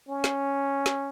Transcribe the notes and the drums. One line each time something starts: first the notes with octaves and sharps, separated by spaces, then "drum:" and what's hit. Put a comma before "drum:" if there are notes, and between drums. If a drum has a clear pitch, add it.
C#4
drum: snare
drum: snare